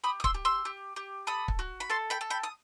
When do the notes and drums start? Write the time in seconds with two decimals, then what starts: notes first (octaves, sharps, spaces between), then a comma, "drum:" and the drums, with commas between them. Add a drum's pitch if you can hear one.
0.04 G4 B5 D#6
0.20 D#6
0.24 C6 E6, drum: kick
0.34 G4
0.45 C6 E6
0.65 G4
0.96 G4
1.27 A4 B5 D#6
1.48 drum: kick
1.59 F#4
1.80 B5
1.90 A4 A5 C6
2.10 G5 B5
2.21 A4
2.30 G5 B5
2.43 D#6